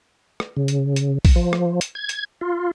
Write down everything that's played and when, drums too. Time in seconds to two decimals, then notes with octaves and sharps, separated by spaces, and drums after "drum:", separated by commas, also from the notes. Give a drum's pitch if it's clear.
0.40 drum: rim click
0.57 C#3
0.68 drum: hi-hat
0.96 drum: hi-hat
1.25 drum: kick, open hi-hat
1.36 F3
1.53 drum: rim click
1.81 drum: hi-hat
1.95 G#6
2.09 drum: hi-hat
2.41 F4